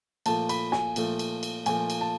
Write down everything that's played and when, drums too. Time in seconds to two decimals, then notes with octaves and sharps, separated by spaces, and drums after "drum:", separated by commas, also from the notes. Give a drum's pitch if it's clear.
0.26 A#2 F3 A3 A5, drum: cymbal
0.49 B5, drum: cymbal
0.72 G#5, drum: snare
0.96 A#2 F3 A3, drum: cymbal
1.19 drum: cymbal
1.43 drum: cymbal
1.66 A#2 F3 A3 G#5, drum: cymbal
1.90 drum: cymbal
2.01 A5